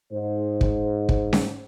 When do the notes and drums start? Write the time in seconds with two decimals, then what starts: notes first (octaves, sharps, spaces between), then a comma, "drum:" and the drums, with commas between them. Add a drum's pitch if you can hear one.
0.13 G#2 C5
0.61 drum: kick
1.09 drum: kick
1.33 drum: snare C#4